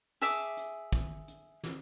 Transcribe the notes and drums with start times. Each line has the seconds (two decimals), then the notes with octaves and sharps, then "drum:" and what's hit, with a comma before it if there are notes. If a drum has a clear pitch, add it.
0.22 G#4 E5 D6, drum: hi-hat
0.57 drum: hi-hat
0.93 drum: kick, hi-hat
1.28 drum: hi-hat
1.64 drum: snare